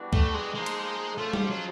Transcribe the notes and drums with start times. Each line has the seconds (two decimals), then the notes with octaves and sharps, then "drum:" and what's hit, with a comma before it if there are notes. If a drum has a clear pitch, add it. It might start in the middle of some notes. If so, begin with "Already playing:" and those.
Already playing: E3 G3 B3 D4 F#4
0.13 A3, drum: kick C#2
0.34 G#3
0.54 F3 G#3 A#3 D#4
0.66 drum: cymbal
1.18 F3 G#3 A3 C#4 F4
1.33 G3, drum: tom G3
1.50 F#3